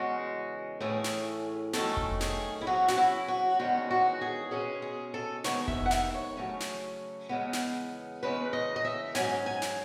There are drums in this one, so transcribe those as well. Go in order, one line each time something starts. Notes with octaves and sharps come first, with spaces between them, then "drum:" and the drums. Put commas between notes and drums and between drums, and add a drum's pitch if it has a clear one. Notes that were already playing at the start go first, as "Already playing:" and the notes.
Already playing: E2 C#3 G#3 C#4 F#4
A2 E3 A3 C#4 G#4
drum: snare
F#2 D#3 A3 C#4 A4, drum: snare
drum: kick F1
G#4, drum: snare
E4
C#3 F#3 C#4 F#4
F#4, drum: snare
E4
F#4
E2 D#3 G#3 C#4 F#4
F#4
G#4
B2 G#3 C#4 G#4
G#4
A4
D#2 D#3 G#3 B3 C#5, drum: snare
E5, drum: kick F1
F#5
E5, drum: snare
C#5
C#3 F#3 A3 C#4
drum: snare
E2 C#3 G#3 B3
drum: snare
E2 C#3 G#3 C#4 B4
D#5
D#5
E5
G#2 F#3 C#4 G#5, drum: snare
G#5
drum: snare